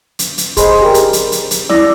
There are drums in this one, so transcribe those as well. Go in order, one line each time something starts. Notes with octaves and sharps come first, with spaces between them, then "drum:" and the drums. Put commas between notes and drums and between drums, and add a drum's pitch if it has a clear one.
drum: hi-hat
drum: hi-hat
G#4 C5 D#5 B5 C6, drum: kick, hi-hat
G4 A#4
drum: hi-hat
drum: hi-hat
drum: hi-hat
drum: hi-hat
E4 D5 A#6, drum: snare